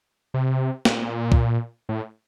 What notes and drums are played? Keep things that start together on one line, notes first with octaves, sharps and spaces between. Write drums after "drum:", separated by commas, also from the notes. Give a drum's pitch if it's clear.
C3
A#2, drum: snare
drum: kick
A2